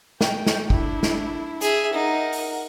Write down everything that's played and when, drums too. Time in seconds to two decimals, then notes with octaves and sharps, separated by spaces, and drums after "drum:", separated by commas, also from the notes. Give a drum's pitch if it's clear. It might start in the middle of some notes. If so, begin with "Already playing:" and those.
0.21 G5, drum: snare
0.46 drum: snare
0.70 D4 E4, drum: kick
1.03 drum: snare
1.61 G#4 E5, drum: hi-hat
1.93 D#4 A#4 F#5
2.33 drum: open hi-hat